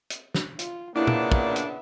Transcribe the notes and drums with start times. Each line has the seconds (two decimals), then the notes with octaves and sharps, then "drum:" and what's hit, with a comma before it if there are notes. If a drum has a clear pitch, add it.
0.10 drum: hi-hat
0.35 drum: snare
0.59 F4, drum: hi-hat
0.96 A#2 C#3 A#3 B3 D4 E4 E5
1.07 drum: tom
1.32 drum: kick
1.56 drum: hi-hat